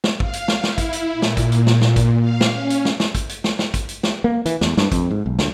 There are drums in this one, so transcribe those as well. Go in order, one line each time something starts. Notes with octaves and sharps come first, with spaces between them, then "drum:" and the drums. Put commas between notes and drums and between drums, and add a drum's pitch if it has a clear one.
drum: snare
F5, drum: kick
drum: hi-hat
drum: snare
E4, drum: snare
drum: kick, hi-hat
drum: hi-hat
A#2
drum: snare
drum: kick, hi-hat
drum: hi-hat
drum: snare
drum: snare
drum: kick, hi-hat
F5
drum: snare
C#4
drum: hi-hat
drum: snare
drum: snare
drum: kick, hi-hat
drum: hi-hat
drum: snare
drum: snare
drum: kick, hi-hat
drum: hi-hat
drum: snare
A#3
E3, drum: hi-hat
E2, drum: snare
G2, drum: snare
F2, drum: kick, hi-hat
G#2
B1
D2, drum: snare